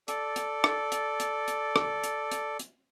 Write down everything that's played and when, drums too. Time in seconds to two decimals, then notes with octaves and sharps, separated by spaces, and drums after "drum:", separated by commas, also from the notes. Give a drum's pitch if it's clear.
0.08 A4 D5, drum: hi-hat
0.36 drum: hi-hat
0.64 drum: rim click
0.92 drum: hi-hat
1.20 drum: hi-hat
1.48 drum: hi-hat
1.76 drum: rim click
2.04 drum: hi-hat
2.31 drum: hi-hat
2.59 drum: hi-hat